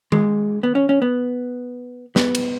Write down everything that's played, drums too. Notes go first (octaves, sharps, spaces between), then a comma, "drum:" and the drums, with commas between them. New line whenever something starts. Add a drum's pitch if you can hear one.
G#3, drum: tom D#3
B3
C#4
C#4
B3
B3, drum: snare
drum: cymbal